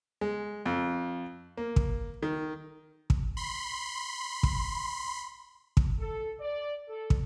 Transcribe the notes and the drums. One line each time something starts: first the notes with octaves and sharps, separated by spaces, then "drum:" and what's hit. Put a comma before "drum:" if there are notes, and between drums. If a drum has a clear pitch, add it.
G#3
F2
A#3
drum: kick
D#3
drum: kick
B5 C6
drum: kick
drum: kick
A4
D5
A4
drum: kick